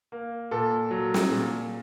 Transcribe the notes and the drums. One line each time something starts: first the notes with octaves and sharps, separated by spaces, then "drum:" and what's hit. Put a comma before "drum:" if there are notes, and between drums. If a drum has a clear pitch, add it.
A#3
A#2 A4
F#3
drum: snare
A#2